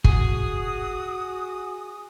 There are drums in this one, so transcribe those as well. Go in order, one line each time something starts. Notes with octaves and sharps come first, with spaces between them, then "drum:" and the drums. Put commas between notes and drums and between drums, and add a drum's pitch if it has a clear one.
F#4 G#4 D#6, drum: kick